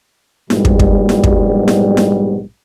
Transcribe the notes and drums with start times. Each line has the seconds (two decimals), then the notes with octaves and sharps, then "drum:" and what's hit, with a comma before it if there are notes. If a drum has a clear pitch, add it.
0.50 A#1 G#2 B2 F#3 G3, drum: snare E4
0.65 drum: kick
0.79 drum: kick
1.09 drum: snare E4
1.24 drum: kick
1.68 drum: snare E4
1.97 drum: snare E4